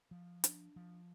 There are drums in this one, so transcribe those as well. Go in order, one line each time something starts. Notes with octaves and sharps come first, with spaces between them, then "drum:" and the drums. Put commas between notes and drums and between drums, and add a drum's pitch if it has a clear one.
F3
D4, drum: hi-hat
F3